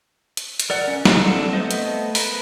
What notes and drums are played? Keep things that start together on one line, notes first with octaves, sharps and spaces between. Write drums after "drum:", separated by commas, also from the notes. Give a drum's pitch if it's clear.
drum: hi-hat
drum: hi-hat
A#4 D5 F#5
C#4
C4 D#4 F5, drum: snare
C4 D4 A4 F#5 A5
A3 B3 C5 D#5
drum: hi-hat
A#4 B4, drum: open hi-hat